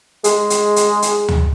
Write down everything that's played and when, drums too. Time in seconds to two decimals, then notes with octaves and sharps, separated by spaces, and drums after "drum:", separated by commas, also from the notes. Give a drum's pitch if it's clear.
0.24 G#3, drum: hi-hat
0.50 drum: hi-hat
0.76 drum: hi-hat
1.02 drum: hi-hat
1.28 drum: tom